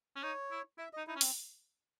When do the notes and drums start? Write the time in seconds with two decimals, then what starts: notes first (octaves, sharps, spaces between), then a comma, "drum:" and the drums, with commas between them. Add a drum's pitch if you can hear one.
0.16 C#4
0.23 D#4 C#5
0.51 E4
0.78 E4 E5
0.93 D#4 D#5
1.07 D#4 E4
1.16 C#4
1.21 C4, drum: open hi-hat